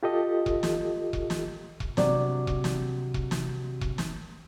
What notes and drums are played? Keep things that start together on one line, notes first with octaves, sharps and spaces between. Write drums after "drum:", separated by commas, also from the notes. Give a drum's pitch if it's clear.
F4 G4 A4 D#5
drum: kick E1
drum: snare
drum: kick E1
drum: snare
drum: kick E1
C3 F#3 D4 D5, drum: snare
drum: kick E1
drum: snare
drum: kick E1
drum: snare
drum: kick E1
drum: snare